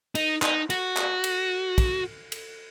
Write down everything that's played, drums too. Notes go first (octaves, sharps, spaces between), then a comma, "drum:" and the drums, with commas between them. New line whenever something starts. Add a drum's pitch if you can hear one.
D#4, drum: cymbal
D#4, drum: clap
F#4, drum: cymbal
drum: clap
drum: cymbal
drum: kick, cymbal
drum: cymbal